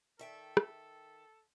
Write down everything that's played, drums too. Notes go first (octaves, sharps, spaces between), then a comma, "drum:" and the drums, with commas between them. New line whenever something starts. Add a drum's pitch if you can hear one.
D#3 A4 E5 G5
drum: rim click